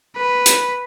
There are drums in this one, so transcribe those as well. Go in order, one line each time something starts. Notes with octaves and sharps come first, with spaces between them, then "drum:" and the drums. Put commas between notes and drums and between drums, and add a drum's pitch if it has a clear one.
B4
drum: hi-hat